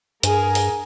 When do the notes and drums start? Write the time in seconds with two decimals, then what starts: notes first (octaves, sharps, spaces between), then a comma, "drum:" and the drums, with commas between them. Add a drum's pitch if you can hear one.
0.23 G2 G#4 A#4 G#5, drum: hi-hat
0.55 drum: open hi-hat